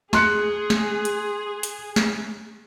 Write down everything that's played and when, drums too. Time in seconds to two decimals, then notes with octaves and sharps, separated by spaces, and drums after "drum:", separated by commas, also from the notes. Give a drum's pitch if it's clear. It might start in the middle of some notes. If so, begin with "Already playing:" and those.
0.13 G#4 C6 F#6 C#7, drum: snare
0.70 drum: snare
1.05 drum: hi-hat
1.63 drum: hi-hat
1.96 drum: snare